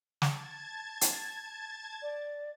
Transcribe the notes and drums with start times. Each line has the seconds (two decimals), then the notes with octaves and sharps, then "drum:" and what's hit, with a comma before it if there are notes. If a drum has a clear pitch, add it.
0.22 A5 G#6 A6, drum: snare
1.01 drum: hi-hat
2.02 D5